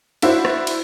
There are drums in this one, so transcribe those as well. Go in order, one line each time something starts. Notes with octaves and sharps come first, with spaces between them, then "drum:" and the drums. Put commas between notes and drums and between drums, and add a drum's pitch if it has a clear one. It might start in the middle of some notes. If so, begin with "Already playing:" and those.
D4 E4 F#4 C5, drum: cymbal
drum: rim click
drum: cymbal